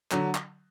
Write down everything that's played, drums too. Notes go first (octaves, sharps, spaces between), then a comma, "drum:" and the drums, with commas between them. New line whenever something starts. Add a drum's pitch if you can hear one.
D3 F#3, drum: clap
drum: clap